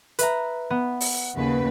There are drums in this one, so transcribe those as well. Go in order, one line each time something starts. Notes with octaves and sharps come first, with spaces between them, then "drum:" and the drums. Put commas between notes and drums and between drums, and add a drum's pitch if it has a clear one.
B4 E5 A#5, drum: hi-hat
B3
drum: open hi-hat
D#2 C#3 B4